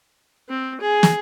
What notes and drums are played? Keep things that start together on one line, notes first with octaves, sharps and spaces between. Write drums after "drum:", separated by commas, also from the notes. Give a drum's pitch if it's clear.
C4
G#4
drum: snare